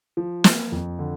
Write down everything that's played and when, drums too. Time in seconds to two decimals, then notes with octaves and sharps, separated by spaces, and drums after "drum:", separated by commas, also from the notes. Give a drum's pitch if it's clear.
0.17 F3
0.44 A#3, drum: snare
0.72 F2
0.99 D3